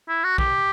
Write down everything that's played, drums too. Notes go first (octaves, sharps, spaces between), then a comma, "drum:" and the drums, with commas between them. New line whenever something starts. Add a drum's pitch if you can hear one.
E4
F#4
G4, drum: kick A#1